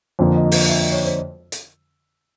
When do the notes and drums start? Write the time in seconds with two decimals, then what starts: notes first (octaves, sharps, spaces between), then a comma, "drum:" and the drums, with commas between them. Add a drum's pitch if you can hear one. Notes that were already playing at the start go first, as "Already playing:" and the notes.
0.19 F2 D3 F3 A#3
0.36 D#5
0.52 drum: open hi-hat
0.68 E5
0.80 D#5
0.92 C#5
1.05 C5
1.52 drum: hi-hat